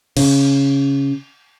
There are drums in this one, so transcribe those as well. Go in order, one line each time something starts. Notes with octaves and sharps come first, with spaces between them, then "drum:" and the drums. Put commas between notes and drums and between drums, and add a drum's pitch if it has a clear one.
C#3, drum: cymbal